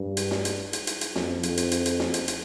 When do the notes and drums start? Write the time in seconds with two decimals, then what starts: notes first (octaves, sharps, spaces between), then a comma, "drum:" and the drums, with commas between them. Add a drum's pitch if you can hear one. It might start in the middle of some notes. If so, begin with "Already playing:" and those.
Already playing: G2
0.17 drum: hi-hat
0.31 drum: snare
0.45 drum: hi-hat
0.73 drum: hi-hat
0.87 drum: hi-hat
1.01 drum: hi-hat
1.15 F2, drum: snare
1.43 F2, drum: hi-hat
1.57 drum: hi-hat
1.72 drum: hi-hat
1.86 drum: hi-hat
2.00 drum: snare
2.14 drum: hi-hat
2.28 drum: hi-hat